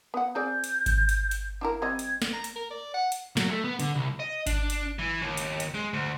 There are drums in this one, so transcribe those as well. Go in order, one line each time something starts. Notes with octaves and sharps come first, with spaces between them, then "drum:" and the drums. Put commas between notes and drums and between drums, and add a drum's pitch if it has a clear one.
B3 F#5
C4 G#4 D5 G6
drum: hi-hat
drum: kick G#1, hi-hat
drum: hi-hat
drum: hi-hat
D4 E4 A#4
G3 C4 D#5 G#6
drum: hi-hat
drum: snare
A#5
drum: hi-hat
A#4
D5
F#5
drum: hi-hat
F#3, drum: snare
A3
B3
D3, drum: hi-hat
C2
D#5
D4, drum: kick G#1, hi-hat
drum: hi-hat
E3
D#2
drum: hi-hat
drum: hi-hat
G#3
D2